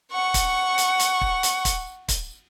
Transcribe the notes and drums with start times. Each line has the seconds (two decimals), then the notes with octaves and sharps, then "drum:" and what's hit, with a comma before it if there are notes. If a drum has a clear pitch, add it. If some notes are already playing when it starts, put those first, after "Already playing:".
0.12 F#5 C#6
0.34 drum: kick, hi-hat
0.78 drum: hi-hat
1.00 drum: hi-hat
1.21 drum: kick
1.43 drum: hi-hat
1.65 drum: kick, hi-hat
2.08 drum: kick, hi-hat